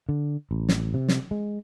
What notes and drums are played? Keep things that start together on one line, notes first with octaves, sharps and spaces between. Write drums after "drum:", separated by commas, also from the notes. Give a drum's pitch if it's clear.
D3
A1
drum: snare
C3
drum: snare
G#3